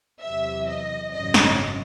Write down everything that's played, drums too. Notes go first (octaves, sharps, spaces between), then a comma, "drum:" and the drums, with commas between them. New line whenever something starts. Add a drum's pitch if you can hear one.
E2 C3 F#3 E5
D#5
G#1 F#2 C#3 F#3 D#5
drum: snare